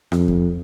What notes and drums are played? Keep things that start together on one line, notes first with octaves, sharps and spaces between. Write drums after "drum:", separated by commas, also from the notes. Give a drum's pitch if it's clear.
F2, drum: rim click
drum: kick F2